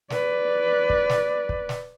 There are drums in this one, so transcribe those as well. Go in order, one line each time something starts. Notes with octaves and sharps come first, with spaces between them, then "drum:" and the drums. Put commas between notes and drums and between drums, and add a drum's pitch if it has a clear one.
B4 D5, drum: snare
drum: kick
drum: snare
drum: kick
drum: snare